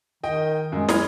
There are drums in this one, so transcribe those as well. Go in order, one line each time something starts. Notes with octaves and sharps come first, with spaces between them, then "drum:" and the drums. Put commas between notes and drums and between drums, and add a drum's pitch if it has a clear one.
D#3 D#5 G5
F#2 G#3
B5 F6 G#6, drum: snare